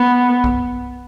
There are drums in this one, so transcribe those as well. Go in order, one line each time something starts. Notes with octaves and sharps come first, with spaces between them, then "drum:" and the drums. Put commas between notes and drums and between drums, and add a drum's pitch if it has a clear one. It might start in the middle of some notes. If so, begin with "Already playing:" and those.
Already playing: B3
drum: kick B1